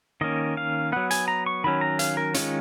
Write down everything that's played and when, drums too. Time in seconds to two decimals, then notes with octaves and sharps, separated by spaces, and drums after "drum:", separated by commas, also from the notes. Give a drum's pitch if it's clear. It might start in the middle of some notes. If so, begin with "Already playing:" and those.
0.21 D#3 A#3 C#4 D#5
0.57 F5
0.92 F#3 B3 F#5
1.11 G#5, drum: hi-hat
1.28 A#5
1.46 C#6
1.64 D#3 F#3 C#4 B5
1.81 A#5
1.99 F5, drum: hi-hat
2.17 A#4
2.34 D#3 G#3 C#4 F4, drum: hi-hat